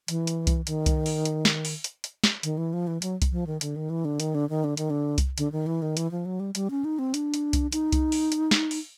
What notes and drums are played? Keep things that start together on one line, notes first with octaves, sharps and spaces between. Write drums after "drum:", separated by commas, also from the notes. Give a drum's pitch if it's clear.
E3, drum: hi-hat
drum: hi-hat
drum: kick C2, hi-hat
D#3, drum: hi-hat
drum: kick C2, hi-hat
drum: open hi-hat
drum: hi-hat
drum: snare
drum: open hi-hat
drum: hi-hat
drum: hi-hat
drum: snare
D#3, drum: hi-hat
E3
F3
E3
F#3, drum: hi-hat
drum: kick C2, hi-hat
F3
D#3
D3, drum: hi-hat
D#3
E3
D3
D#3, drum: hi-hat
D3
D#3
D3
D#3, drum: hi-hat
D3
drum: kick C2, hi-hat
D3, drum: hi-hat
D#3
E3
D#3
E3, drum: hi-hat
F3
F#3
G3
G3, drum: hi-hat
C#4
D#4
C4
D4, drum: hi-hat
drum: hi-hat
drum: kick C2, hi-hat
D#4, drum: hi-hat
drum: kick C2, hi-hat
drum: open hi-hat
drum: hi-hat
drum: snare
drum: open hi-hat